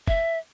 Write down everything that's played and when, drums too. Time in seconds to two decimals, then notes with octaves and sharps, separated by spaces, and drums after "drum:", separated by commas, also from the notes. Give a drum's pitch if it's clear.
0.08 E5, drum: kick F#1